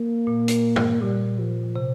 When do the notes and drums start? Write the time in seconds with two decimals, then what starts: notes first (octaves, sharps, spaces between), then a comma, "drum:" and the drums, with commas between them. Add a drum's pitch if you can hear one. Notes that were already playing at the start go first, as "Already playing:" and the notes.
Already playing: A#3
0.27 A#2
0.48 drum: hi-hat
0.76 drum: tom G2
1.01 A#2 G3
1.39 F3
1.76 C3